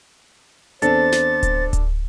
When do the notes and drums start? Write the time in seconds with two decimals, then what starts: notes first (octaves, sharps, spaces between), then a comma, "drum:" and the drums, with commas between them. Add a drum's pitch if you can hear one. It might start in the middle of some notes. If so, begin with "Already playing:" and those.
0.82 E2 C4 D4 A4 C5 A6, drum: hi-hat
1.12 drum: snare
1.43 drum: kick D1, hi-hat
1.73 drum: kick D1, hi-hat